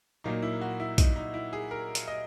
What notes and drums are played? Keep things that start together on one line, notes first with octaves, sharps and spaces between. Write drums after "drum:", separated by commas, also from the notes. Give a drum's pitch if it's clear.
A#2 F#3 A#3 D#4
E4
F#4
E4
D#4, drum: kick A#1, hi-hat
D#4
E4
G#4
A#4
drum: hi-hat
D#5